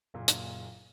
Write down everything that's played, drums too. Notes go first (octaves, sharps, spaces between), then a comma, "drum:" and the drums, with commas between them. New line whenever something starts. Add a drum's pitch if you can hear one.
F#1 A#2
drum: hi-hat